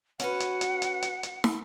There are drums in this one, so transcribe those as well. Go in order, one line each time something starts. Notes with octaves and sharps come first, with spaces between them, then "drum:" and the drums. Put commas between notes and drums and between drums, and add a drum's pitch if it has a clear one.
C#4 F#4 B4 F#5, drum: hi-hat
drum: hi-hat
drum: hi-hat
drum: hi-hat
drum: hi-hat
drum: hi-hat
drum: snare